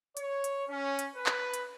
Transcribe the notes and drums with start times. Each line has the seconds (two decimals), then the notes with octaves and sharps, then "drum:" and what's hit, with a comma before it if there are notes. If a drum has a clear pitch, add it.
0.17 C#5, drum: hi-hat
0.44 drum: hi-hat
0.68 C#4
0.99 drum: hi-hat
1.16 B4
1.26 drum: clap
1.54 drum: hi-hat